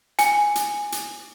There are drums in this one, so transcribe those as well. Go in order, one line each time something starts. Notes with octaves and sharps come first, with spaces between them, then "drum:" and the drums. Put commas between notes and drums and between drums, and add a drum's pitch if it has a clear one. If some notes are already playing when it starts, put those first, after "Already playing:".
G#5, drum: hi-hat
drum: hi-hat
drum: hi-hat